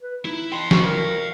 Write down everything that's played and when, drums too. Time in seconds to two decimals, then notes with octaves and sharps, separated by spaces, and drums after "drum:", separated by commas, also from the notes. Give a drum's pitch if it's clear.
0.03 B4
0.25 D#4 E4
0.52 F5 G5 C6
0.71 C#6, drum: snare
0.85 A#4